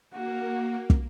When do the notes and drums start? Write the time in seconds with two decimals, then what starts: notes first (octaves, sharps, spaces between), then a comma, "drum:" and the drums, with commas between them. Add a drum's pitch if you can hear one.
0.14 A#3 F#4
0.90 drum: kick